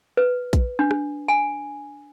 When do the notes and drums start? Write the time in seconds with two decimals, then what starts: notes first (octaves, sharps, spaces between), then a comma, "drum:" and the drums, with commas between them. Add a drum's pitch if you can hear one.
0.17 B4
0.53 drum: kick A#1, hi-hat
0.79 D4
0.91 drum: rim click
1.28 G#5